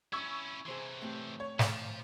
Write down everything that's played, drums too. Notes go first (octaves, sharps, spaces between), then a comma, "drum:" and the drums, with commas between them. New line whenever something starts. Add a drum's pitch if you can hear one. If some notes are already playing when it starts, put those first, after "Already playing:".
C#4 E4 C#6 E6 G#6
C3 E3 G#4 C5 C6
A2 C4 G4
C#5
F3 E7, drum: snare